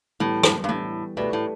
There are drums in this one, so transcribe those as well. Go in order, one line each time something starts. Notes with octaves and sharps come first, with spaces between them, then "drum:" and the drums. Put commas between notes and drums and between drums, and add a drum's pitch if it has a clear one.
A2 E3 G3 B3
drum: rim click
G2
A2 E3 G3 B3
B2 A3 E4 G4 B4 D5
A2